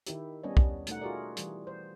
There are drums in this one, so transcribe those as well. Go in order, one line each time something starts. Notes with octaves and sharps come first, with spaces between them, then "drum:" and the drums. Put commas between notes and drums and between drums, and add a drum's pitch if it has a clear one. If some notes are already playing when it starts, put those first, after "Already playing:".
D#3 E4 G4, drum: hi-hat
G3 B3 C#4 D4 C#5 D#5
drum: kick B1
B2 A3 D#4 F#5, drum: hi-hat
F4 F#4 G#4 A#4 D5
E3 G3, drum: hi-hat
C5